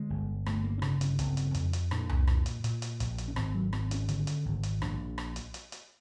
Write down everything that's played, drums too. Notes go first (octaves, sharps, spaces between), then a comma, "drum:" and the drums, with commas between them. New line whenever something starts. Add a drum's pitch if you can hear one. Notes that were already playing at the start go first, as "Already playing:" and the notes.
Already playing: D3 G#3
G1
G1 A3, drum: rim click
A#3
C#4
C#3 D4, drum: rim click
C#4, drum: hi-hat
G1 C4, drum: hi-hat
drum: hi-hat
F2, drum: hi-hat
drum: hi-hat
A#2 D4, drum: rim click
drum: tom C2
A#2, drum: rim click
drum: hi-hat
A#2, drum: hi-hat
drum: hi-hat
A#1, drum: hi-hat
drum: hi-hat
C#4
G#1 C4, drum: rim click
F#3
G#1 C4, drum: rim click
C#4, drum: hi-hat
D3, drum: hi-hat
drum: hi-hat
G#1
drum: hi-hat
A#1 D4, drum: rim click
drum: rim click
drum: hi-hat
drum: hi-hat
drum: hi-hat